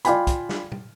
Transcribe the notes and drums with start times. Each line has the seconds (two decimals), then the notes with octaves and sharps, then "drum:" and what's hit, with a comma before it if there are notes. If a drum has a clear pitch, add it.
0.05 F4 D5 F5 G5 G#5 B5, drum: hi-hat
0.27 drum: kick, hi-hat
0.49 drum: snare
0.72 drum: tom